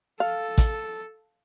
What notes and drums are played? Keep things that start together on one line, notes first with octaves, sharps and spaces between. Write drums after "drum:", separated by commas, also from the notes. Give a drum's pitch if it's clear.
A4 F5
drum: kick, hi-hat